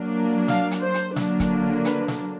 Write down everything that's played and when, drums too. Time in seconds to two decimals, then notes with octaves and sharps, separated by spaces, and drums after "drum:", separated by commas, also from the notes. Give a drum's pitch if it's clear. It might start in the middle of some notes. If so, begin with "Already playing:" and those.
Already playing: F#3 A#3 D4
0.48 F5, drum: snare
0.71 drum: hi-hat
0.82 C5
0.94 drum: hi-hat
1.16 D3 F#3 A#3 D4, drum: snare
1.40 drum: kick, hi-hat
1.85 B4, drum: hi-hat
2.08 drum: snare